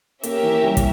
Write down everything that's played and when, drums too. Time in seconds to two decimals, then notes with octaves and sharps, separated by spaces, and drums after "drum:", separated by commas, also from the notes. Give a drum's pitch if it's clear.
0.23 A#3 C#4 G4 A#4 E5, drum: hi-hat
0.43 E3
0.64 G3
0.77 drum: kick, hi-hat